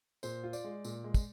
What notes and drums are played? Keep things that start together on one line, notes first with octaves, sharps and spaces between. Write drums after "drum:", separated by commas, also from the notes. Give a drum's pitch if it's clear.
A#2 C5, drum: tambourine
F4
D5, drum: tambourine
G#3
A#2, drum: tambourine
G#3
drum: kick, tambourine